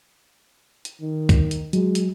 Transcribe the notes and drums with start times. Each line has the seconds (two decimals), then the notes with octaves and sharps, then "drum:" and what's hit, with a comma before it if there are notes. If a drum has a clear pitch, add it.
0.85 drum: hi-hat
1.01 D#3
1.29 drum: kick C#2, hi-hat
1.51 drum: hi-hat
1.73 F#3 G#3, drum: hi-hat
1.95 drum: hi-hat